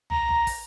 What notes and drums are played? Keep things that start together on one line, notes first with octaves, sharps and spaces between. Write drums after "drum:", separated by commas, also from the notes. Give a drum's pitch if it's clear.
A#5, drum: tom
drum: tom
drum: kick, open hi-hat